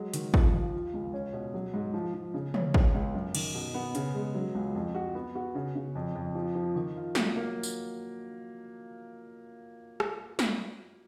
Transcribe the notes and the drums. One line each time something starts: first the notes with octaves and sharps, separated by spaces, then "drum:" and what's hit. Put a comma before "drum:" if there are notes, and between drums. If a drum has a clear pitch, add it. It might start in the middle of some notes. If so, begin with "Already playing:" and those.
Already playing: F#3 G#3
D#3, drum: hi-hat
F3, drum: kick
D#2
F4
C#2
C#4
B2
F#3
G#2
F3
F3
C#3
C#4, drum: tom
C#2, drum: kick
C#2
F#2
D#3, drum: cymbal
B2
B3
C#3, drum: hi-hat
G#3
F#3
C#2
F2
F#4
B3
F#4
C#3
C#3
F2
F2
F3
F3
D#3
F4
F#3, drum: snare
A#3
drum: tambourine
drum: rim click
drum: snare